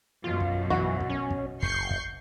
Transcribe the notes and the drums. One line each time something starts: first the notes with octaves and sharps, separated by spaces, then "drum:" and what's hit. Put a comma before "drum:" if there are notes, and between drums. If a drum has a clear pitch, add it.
F#2 B2 F4
drum: kick
E3 F#4, drum: kick
drum: kick
C#4
drum: kick
F#1 C#6 G6 C7, drum: kick
drum: kick